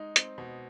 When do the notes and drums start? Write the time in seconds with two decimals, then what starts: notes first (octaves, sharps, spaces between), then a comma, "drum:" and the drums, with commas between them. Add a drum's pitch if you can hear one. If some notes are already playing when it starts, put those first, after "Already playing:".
Already playing: G#3 D#4
0.16 C4, drum: hi-hat
0.38 B2